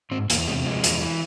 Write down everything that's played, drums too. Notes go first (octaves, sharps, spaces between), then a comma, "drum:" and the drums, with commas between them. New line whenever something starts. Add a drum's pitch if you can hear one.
G#2 C4
E2 A#3, drum: hi-hat
C3 G#3
F3 G#3
E2, drum: hi-hat
E3